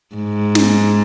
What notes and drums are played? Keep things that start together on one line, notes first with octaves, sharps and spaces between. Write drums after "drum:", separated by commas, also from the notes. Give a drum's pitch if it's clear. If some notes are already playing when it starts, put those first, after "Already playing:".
G#2
drum: snare